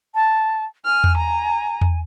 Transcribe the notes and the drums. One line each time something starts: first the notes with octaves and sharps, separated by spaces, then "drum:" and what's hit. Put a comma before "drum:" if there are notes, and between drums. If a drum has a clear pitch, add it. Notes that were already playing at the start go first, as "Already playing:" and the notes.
A5
G#5 F6
drum: tom E2
A#5
drum: tom E2